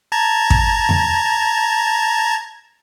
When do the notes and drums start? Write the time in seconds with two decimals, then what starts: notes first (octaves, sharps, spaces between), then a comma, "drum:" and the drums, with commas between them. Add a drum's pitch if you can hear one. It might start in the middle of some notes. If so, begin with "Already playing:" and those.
0.12 A5 A#5 G#6
0.50 drum: kick
0.89 drum: tom E2